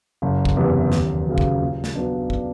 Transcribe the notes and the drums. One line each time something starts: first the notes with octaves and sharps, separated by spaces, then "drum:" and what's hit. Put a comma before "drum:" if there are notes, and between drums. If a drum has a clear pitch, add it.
F#1
drum: kick
E2 C3 E3
D#2, drum: snare
C#3 F#3
drum: kick
A#2
drum: snare
F#3 B3 D4
drum: kick